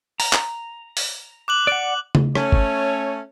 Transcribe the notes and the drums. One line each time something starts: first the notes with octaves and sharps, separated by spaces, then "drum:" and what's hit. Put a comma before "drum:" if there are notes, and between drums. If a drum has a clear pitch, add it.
A#5, drum: open hi-hat
drum: clap
drum: open hi-hat
D6 F#6 F#7
D5 F#5
drum: tom C#3
A3 C#4 C#5, drum: rim click
drum: kick